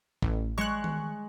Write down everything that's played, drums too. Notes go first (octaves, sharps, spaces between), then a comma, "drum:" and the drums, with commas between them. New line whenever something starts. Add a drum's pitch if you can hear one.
A1, drum: kick
G#3 C#6 F#6
drum: tom D#3